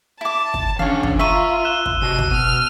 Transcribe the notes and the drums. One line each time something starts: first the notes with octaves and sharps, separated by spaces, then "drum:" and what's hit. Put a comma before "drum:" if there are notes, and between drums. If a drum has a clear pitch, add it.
E4 A5 D6
drum: kick
E3 C#4 D4 C#5 F5
drum: kick
F4 B4 E5 A#5 C#6 E6 D#7
F#6 E7 G7
drum: kick
C3 F#4 D#7
drum: kick
B2 F6 D#7